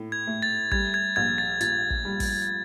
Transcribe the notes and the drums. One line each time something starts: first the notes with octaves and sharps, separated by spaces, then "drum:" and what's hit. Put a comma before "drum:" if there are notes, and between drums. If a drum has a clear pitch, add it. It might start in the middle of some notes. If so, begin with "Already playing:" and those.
Already playing: A2
G#6
A3
A6
G3 G#6, drum: kick
G#6
A#1 G#6
A6
A#2 A6, drum: hi-hat
drum: kick
G3
drum: kick, open hi-hat